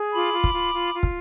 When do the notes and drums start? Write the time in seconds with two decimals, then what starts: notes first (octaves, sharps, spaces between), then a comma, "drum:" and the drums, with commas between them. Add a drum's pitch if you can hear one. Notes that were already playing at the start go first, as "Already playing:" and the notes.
Already playing: G#4
0.13 F4 B5 D6
0.34 F4
0.44 drum: kick
0.54 F4
0.73 F4
0.94 F4
1.03 drum: kick